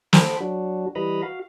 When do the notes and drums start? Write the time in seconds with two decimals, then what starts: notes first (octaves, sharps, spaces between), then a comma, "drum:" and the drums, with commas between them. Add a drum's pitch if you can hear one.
0.13 A4 C5 G5 B5, drum: snare
0.41 F#3 D4 F#4
0.95 E3 G3 B4 D#5 A#5 B5
1.23 F#4 F5